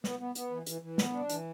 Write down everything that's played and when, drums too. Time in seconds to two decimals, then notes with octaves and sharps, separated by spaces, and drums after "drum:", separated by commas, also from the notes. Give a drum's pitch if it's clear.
0.04 B3, drum: snare
0.19 B3
0.35 B3, drum: hi-hat
0.51 E3
0.66 E3, drum: hi-hat
0.82 E3
0.98 B3, drum: snare
1.13 D4
1.29 E3, drum: hi-hat